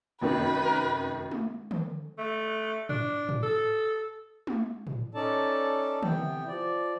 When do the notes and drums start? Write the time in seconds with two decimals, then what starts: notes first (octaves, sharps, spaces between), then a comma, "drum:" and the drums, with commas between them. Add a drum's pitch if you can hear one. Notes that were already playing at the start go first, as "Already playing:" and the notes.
0.21 F1 F#2 D#3 B4
1.31 drum: tom
1.71 drum: tom
2.18 A3
2.89 D4, drum: tom
3.29 drum: tom
3.43 A4
4.47 drum: tom
4.87 drum: tom A2
5.15 C#4 D#4 A4 D5 A5
6.03 C3 E3 B3 G5, drum: tom
6.48 F3 D5